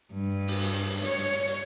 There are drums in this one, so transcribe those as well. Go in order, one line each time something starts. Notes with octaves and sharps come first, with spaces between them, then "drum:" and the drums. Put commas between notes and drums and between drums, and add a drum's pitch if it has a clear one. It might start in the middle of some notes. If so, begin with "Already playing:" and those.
G2
drum: open hi-hat
drum: hi-hat
drum: hi-hat
drum: hi-hat
C#5, drum: hi-hat
drum: hi-hat
drum: hi-hat
drum: hi-hat